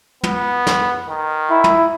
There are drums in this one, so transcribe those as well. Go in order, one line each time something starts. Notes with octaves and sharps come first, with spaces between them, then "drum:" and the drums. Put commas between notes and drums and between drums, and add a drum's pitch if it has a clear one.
B3, drum: tom
drum: snare
D#3
E4
drum: tom